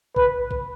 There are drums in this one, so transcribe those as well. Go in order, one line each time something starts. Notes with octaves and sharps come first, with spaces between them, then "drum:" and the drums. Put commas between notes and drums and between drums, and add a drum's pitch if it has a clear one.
B4, drum: kick A#1
drum: kick A#1